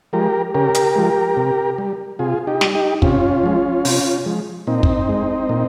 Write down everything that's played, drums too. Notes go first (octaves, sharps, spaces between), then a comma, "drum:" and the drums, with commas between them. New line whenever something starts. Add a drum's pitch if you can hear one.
F3 G#3 G4 A#4
C#3 G4 A#4
drum: hi-hat
F3 G#3
C3
G3
C3 F4 G#4
D#4 G4
G3, drum: snare
D#4 G4
C3 C#4 F4, drum: kick
F3 G#3
C3, drum: open hi-hat
F3 G#3
A#2 C4 D#4
drum: kick
G#3
A#2